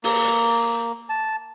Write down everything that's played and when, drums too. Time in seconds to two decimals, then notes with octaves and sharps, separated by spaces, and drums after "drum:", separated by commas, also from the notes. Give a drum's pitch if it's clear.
0.04 A#3, drum: open hi-hat
0.24 drum: hi-hat
1.09 A5